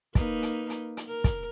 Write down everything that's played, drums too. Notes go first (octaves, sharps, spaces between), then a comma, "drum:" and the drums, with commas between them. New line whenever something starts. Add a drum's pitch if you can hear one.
A#3 D#4 B4, drum: kick, hi-hat
drum: hi-hat
drum: hi-hat
drum: hi-hat
A#4
drum: kick, hi-hat